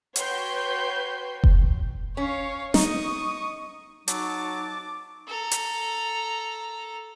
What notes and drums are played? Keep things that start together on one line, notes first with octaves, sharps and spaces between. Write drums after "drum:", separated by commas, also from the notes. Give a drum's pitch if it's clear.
F#4 B4 C#5 G5 C6 G6, drum: hi-hat
drum: kick F1
C#4 C#5 F5
D#4 C#6 D#6, drum: snare
F#3 D#4 A5 D6, drum: hi-hat
A4 A#5
drum: hi-hat